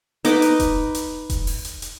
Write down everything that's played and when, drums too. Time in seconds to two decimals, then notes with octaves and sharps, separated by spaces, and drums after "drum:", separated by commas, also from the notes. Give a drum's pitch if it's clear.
0.25 D#4 B4 D6, drum: hi-hat
0.42 drum: hi-hat
0.60 drum: kick E1, hi-hat
0.95 drum: hi-hat
1.30 drum: kick E1, hi-hat
1.47 drum: open hi-hat
1.65 drum: hi-hat
1.82 drum: hi-hat